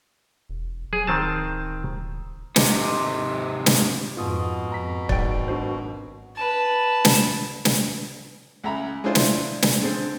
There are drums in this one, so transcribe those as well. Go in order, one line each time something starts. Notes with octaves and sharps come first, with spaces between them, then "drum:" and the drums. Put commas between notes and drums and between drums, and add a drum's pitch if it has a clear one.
E1
F#3 G#4
D1 D#3 C4 A5
G#2 C3, drum: snare
drum: snare
F2 G#2 B2 F4 D#6
F2 G#2 A#5 B6
G#1 G#2 F#3 D5 G5, drum: kick
D4 F#4 C5
B4 A5
drum: snare
drum: snare
C#2 E5 A#5 B5
G#3 D4 E4 F4 C5
drum: snare
drum: snare
D3 G#3 C4